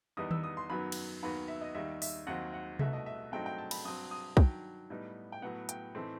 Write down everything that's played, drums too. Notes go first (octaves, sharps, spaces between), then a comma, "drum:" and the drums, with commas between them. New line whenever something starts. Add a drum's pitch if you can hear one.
E2 D#3 G3 B3 D#4 D#6
E6, drum: tom D#3
D#6
C6
F#2 D#3 F#3 B3 B5
drum: cymbal
D#2 D#3 F#3 B3 B5
E5
D#5
D#2 D#3 G3 D#4 E5
E5, drum: open hi-hat
D#2 D#3 F#3 C4 D#4 F#5
F#5
C2 B2 A3 D#4 E5, drum: tom C3
D#5
E5
G2 F#3 A3 C4 D#4 G5
G5
A5
B5, drum: cymbal
G2 F#3 C4 D#6
D#6
G2 D#3 F#3 G5, drum: kick
A2 G3 B3 D#4
G5
A2 F#3 B3 F#5
G5, drum: hi-hat
A2 E3 A3 C4 D#4